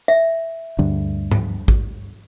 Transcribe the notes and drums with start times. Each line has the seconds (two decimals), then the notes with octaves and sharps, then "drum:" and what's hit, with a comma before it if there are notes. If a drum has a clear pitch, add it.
0.08 E5
0.79 D2 G2 D3
1.31 drum: tom G#2
1.68 drum: kick A1